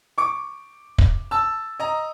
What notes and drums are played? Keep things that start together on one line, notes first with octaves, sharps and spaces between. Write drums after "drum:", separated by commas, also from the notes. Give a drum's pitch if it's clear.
C#6 D6
drum: kick
A5 E6
D#5 A#5